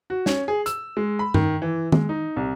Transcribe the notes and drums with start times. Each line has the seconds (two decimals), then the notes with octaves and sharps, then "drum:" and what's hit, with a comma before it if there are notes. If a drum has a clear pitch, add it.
0.10 F#4
0.26 C#4, drum: snare
0.48 G#4
0.66 E6, drum: hi-hat
0.97 G#3
1.19 B5
1.34 D#3, drum: tom G2
1.62 E3
1.92 G#3, drum: tom
2.09 D#4
2.36 C2